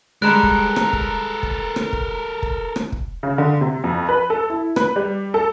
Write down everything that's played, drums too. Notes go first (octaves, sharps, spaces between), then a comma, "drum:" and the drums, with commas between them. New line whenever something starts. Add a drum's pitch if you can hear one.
G3 G#3 A4 A#4 A#5 F#6
drum: kick
drum: rim click
drum: kick
drum: kick
drum: rim click
drum: kick
drum: kick
drum: rim click
drum: kick
C#3
D3
C3
F2
B4
A4
E4
B4, drum: rim click
G3
A4